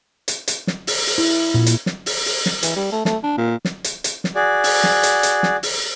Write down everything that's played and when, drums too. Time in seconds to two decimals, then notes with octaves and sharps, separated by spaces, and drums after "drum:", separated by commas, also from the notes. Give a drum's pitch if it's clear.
0.28 drum: hi-hat
0.48 drum: hi-hat
0.67 drum: snare
0.87 drum: open hi-hat
1.07 drum: open hi-hat
1.18 E4
1.54 A#2
1.66 drum: hi-hat
1.86 drum: snare
2.06 drum: open hi-hat
2.26 drum: open hi-hat
2.46 drum: snare
2.63 E3, drum: hi-hat
2.76 G3
2.92 A3
3.05 A3, drum: snare
3.23 D4
3.38 A#2
3.65 drum: snare
3.84 drum: hi-hat
4.04 drum: hi-hat
4.24 drum: snare
4.35 F#4 G#4 D5
4.64 drum: open hi-hat
4.84 drum: snare
5.03 drum: hi-hat
5.23 drum: hi-hat
5.43 drum: snare
5.63 drum: open hi-hat